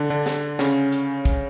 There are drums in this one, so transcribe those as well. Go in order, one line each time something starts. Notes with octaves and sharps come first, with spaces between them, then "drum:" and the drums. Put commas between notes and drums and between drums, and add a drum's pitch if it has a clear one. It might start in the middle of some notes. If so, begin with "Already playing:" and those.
Already playing: D3 D4
D3 D4
drum: snare
C#3 C#4, drum: snare
drum: hi-hat
drum: kick, hi-hat